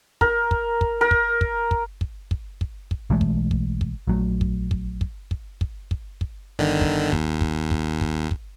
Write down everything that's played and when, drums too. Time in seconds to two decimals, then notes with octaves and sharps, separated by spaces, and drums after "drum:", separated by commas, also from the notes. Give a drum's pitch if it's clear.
0.21 A#4, drum: kick
0.51 drum: kick
0.81 drum: kick
1.01 A#4
1.11 drum: kick
1.41 drum: kick
1.71 drum: kick
2.01 drum: kick
2.31 drum: kick
2.61 drum: kick
2.91 drum: kick
3.10 B1 E3 G#3 A3
3.21 drum: kick
3.51 drum: kick
3.81 drum: kick
4.07 A#1 F#3 A3
4.41 drum: kick
4.71 drum: kick
5.01 drum: kick
5.31 drum: kick
5.61 drum: kick
5.91 drum: kick
6.21 drum: kick
6.59 G1 D3 D#3
6.81 drum: kick
7.12 D#2, drum: kick
7.41 drum: kick
7.71 drum: kick
8.01 drum: kick
8.31 drum: kick